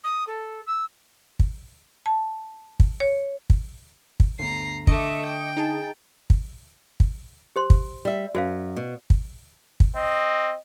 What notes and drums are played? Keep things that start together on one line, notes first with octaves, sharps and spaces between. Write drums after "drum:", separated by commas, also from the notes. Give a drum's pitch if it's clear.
D#6
A4
E6
drum: kick
A5
drum: kick
C#5
drum: kick
drum: kick
G1 D2 A#5 C7
D3 A3 D#5 E5 D6 C#7, drum: kick
G5
D#4 G#4 A5
drum: kick
drum: kick
G4 C5 C6
drum: kick
G3 E5
F#2 F#4 C5 F5
B2
drum: kick
drum: kick
C4 D#5